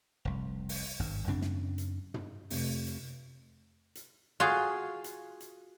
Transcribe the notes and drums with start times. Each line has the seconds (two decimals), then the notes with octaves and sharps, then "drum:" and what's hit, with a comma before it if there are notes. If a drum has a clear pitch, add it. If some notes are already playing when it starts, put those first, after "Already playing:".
0.25 F1 C2
0.69 drum: open hi-hat
1.00 G#1 G2
1.27 F#2 C#3 C4 D4
1.42 drum: snare
1.78 drum: hi-hat
2.14 drum: tom
2.50 F1, drum: open hi-hat
2.87 drum: hi-hat
3.95 drum: hi-hat
4.40 F4 F#4 G#4
5.04 drum: hi-hat
5.40 drum: hi-hat